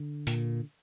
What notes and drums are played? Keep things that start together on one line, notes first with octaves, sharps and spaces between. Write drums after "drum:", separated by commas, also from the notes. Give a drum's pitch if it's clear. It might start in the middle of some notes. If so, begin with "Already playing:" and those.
Already playing: D3
A#2, drum: open hi-hat